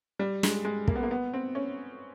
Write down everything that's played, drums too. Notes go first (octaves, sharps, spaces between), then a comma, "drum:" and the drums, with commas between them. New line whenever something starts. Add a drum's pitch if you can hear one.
G3
G#3, drum: snare
G#3
A#3, drum: kick
B3
A#3
B3
C4
C#4